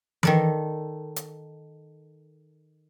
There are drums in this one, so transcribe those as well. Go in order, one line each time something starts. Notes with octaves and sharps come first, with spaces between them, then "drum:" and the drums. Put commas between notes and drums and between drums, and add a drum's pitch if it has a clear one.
D#3 A4 D5, drum: tom E3
drum: hi-hat